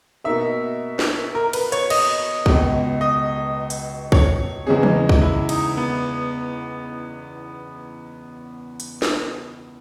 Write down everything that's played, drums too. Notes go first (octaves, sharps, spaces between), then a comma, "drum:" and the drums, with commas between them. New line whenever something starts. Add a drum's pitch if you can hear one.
B2 A#3 D#4 A#4 E5
drum: snare
A#4
B4, drum: cymbal
C#5, drum: hi-hat
D#5, drum: cymbal
C#2 B2 G#3 B3, drum: kick
D#5
drum: hi-hat
C#5, drum: kick
E2 C#3 G#3 C#4 G#4
drum: tom E3
drum: kick
E4
D#4, drum: cymbal
B3
drum: hi-hat
drum: snare